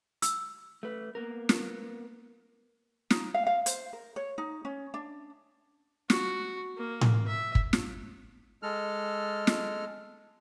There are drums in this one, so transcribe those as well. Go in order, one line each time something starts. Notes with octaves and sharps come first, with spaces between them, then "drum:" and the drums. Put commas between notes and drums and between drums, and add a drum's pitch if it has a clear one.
E6, drum: hi-hat
A3 B4
A#3 B3 A#4
drum: snare
D#4, drum: snare
F5
F5
C5, drum: hi-hat
A#4
C#5
D#4
C#4
D4
F#4, drum: snare
A#3
drum: tom A2
E5
drum: kick
drum: snare
G#3 A4 F6
drum: snare